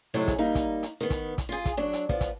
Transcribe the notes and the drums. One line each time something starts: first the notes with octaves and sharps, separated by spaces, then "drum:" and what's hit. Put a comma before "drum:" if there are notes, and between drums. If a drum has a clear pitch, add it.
G#2 C3 F#3 G#3 A3 E4
drum: kick, hi-hat
G3 A#3 D#4
drum: kick, hi-hat
drum: hi-hat
D#3 B3
drum: kick, hi-hat
drum: kick, hi-hat
F4 G#4
drum: kick, hi-hat
F#3 D4
drum: hi-hat
F3 B3, drum: kick
drum: kick, hi-hat